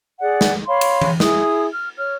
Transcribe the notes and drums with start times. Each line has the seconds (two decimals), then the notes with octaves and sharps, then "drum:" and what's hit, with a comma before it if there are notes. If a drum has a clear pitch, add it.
0.21 G#4 D5 F#5
0.41 drum: snare
0.67 C#5 F5 B5 C6
0.81 drum: cymbal
1.02 drum: tom E3
1.20 E4 G#4 D#6, drum: snare
1.72 F6
1.99 C#5 F6